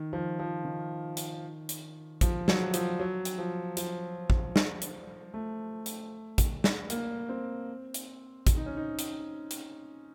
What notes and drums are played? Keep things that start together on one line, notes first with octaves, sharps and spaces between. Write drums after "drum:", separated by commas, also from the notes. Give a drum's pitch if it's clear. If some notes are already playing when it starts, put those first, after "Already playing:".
Already playing: D#3
F3
F3
D#3
drum: hi-hat
drum: hi-hat
F3, drum: kick A1, hi-hat
F#3, drum: snare
F3, drum: hi-hat
F#3
drum: hi-hat
F3
F3, drum: hi-hat
drum: kick A1
drum: snare
drum: hi-hat
A3
drum: hi-hat
drum: kick A1, hi-hat
drum: snare
A#3, drum: hi-hat
C4
drum: hi-hat
drum: kick A1, hi-hat
D#4
C#4
D#4
drum: hi-hat
drum: hi-hat